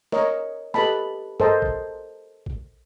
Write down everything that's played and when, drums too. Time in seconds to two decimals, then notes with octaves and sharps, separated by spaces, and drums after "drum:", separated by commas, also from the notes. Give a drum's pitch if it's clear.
0.12 A#4 C#5 D#5, drum: snare
0.74 G4 A4 B4 D#5 A5 B5, drum: snare
1.40 A4 A#4 C5 D#5 A5, drum: tom G2
1.62 drum: kick A#1
2.46 drum: kick A#1